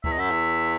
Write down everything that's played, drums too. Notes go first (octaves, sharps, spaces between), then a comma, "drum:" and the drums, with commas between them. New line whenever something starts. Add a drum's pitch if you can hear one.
E2 E5, drum: kick C#2
D#5
F#2 E5
E2